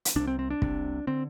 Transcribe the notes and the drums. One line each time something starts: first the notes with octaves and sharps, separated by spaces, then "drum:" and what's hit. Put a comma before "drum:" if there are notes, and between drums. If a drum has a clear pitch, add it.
drum: hi-hat
C2 C3 D4
C4
C4
D4
C3, drum: kick
C2
D3 C4